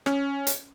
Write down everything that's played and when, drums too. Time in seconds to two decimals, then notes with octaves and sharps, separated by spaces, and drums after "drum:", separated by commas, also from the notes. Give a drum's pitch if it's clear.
0.06 C#4, drum: rim click
0.47 drum: hi-hat